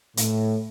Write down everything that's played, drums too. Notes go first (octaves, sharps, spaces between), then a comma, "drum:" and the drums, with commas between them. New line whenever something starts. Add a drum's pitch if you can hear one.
A2, drum: hi-hat